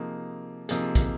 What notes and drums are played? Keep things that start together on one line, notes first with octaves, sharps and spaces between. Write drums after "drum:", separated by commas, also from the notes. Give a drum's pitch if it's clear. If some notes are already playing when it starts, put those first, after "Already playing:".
Already playing: C3 F3 A#3 D#4 G#4
C3 F3 A#3 D#4 G#4, drum: hi-hat
drum: kick, hi-hat